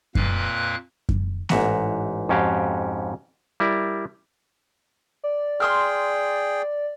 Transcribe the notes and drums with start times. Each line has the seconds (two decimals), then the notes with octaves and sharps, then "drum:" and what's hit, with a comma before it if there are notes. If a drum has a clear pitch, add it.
0.15 F2 A#2 A#3 B4 F5 F#6, drum: kick F#2
1.09 drum: kick F#2
1.49 A1 G#2 E5 F#5 A#5, drum: snare A#3
2.29 F2 G#2 C#4 F#4 G4 F5
3.60 G3 E4 A#4 D5
5.24 D5
5.60 G#4 G5 C6 E6 F6